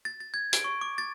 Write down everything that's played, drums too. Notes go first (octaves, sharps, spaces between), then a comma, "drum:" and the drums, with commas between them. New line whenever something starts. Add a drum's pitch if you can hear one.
A6
A6
G#6
D7, drum: hi-hat
C#6
D6
A6